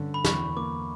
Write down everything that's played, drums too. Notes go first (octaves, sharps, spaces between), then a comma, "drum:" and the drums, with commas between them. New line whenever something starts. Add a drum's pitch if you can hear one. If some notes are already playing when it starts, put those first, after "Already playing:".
Already playing: G2 D3 C#4
B5
E2 C#6, drum: snare
A#3 D6